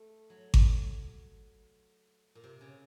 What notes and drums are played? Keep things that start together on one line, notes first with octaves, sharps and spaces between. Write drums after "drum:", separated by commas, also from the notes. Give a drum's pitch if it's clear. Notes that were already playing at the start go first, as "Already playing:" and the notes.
Already playing: A3
F#3
drum: kick G#1
A#2
C3
C#3